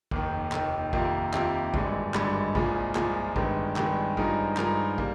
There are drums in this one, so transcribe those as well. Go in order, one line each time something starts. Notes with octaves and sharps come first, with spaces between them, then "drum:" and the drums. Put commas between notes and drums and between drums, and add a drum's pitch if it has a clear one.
F1 D#2 D#3, drum: kick
F1 D#2 D#3, drum: clap
F2 C3 D#3 A#3, drum: kick
F2 C3 D#3 A#3, drum: clap
G#1 G2 D3 G#3, drum: kick
G#1 G2 D3 G#3, drum: clap
C2 A#2 F3 G#3, drum: kick
C2 A#2 F3 G#3, drum: clap
G1 G2 D#3 G#3, drum: kick
G1 G2 D#3 G#3, drum: clap
G2 F3 G#3 D#4 A#4, drum: kick
G2 F3 G#3 D#4 A#4, drum: clap
G3 A#3, drum: kick